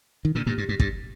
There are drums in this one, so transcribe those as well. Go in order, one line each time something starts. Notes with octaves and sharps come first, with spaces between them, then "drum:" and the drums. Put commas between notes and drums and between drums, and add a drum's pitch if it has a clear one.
D#3
A#2 D3
G2 A#2
G2
G2
G2, drum: kick